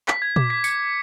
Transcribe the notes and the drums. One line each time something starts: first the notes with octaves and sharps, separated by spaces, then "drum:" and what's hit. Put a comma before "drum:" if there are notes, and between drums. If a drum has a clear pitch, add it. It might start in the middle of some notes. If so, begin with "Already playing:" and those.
B6, drum: clap
G#6
D6, drum: tom A#2
B6
C#7, drum: tambourine